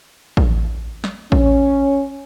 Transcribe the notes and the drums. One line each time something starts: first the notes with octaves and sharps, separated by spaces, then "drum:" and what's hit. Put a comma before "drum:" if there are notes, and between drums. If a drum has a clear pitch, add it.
drum: kick
drum: snare
C#4, drum: kick